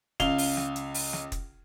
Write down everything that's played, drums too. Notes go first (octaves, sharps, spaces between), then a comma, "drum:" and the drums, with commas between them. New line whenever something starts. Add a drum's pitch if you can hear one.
C#2 F5 F7 G7, drum: kick, hi-hat
drum: open hi-hat
drum: snare
drum: hi-hat
drum: open hi-hat
drum: snare
drum: kick, hi-hat